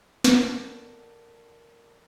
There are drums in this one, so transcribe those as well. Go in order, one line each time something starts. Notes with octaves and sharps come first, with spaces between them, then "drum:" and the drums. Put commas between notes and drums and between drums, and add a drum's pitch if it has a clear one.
A4 A#4 D5 F#5 A5, drum: snare